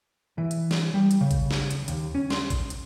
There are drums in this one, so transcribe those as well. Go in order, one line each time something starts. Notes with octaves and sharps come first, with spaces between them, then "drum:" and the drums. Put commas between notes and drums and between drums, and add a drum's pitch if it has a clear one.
E3
drum: hi-hat
drum: snare
G3
drum: hi-hat
C#3
drum: kick A1, hi-hat
drum: snare
drum: hi-hat
D#2, drum: hi-hat
C#4
C6, drum: snare
drum: kick A1, hi-hat
drum: hi-hat